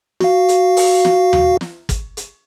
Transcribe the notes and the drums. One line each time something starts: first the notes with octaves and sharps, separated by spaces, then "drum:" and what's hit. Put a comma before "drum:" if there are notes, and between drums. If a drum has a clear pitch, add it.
F#4 F5, drum: snare
drum: hi-hat
drum: open hi-hat
drum: snare
drum: tom D#2
drum: snare
drum: kick, hi-hat
drum: hi-hat